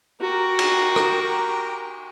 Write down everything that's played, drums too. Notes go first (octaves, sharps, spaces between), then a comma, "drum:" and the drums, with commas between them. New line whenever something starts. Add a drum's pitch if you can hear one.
F#4 G4 A#4 A#5
drum: cymbal
drum: rim click